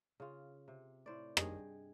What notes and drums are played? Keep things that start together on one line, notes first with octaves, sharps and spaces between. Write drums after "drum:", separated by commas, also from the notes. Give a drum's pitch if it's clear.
C#3 F4
C3
A2 C5 D5
G2 G#4 D#5 G5, drum: rim click